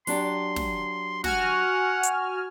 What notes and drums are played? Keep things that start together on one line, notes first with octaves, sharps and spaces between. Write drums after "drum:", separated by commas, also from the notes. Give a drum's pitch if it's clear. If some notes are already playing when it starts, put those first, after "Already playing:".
F#3 D4 G4 C6, drum: open hi-hat
drum: snare
F#4 F#5 G#5 F6, drum: snare
drum: hi-hat